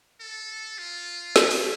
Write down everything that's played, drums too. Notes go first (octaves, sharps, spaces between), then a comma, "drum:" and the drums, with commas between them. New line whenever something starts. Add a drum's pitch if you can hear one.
A4
F4
E4, drum: snare
drum: open hi-hat